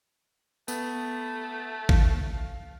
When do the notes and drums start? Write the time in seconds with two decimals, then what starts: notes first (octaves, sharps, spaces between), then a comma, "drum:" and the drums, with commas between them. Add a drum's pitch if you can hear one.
0.68 A3 B3, drum: tambourine
1.89 F5, drum: kick G#1